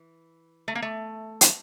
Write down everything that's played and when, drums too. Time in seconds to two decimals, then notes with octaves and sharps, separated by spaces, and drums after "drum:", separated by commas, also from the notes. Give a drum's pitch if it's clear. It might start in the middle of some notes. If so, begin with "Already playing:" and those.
Already playing: E3
0.68 A3
0.75 A#3
0.82 A3
1.41 drum: hi-hat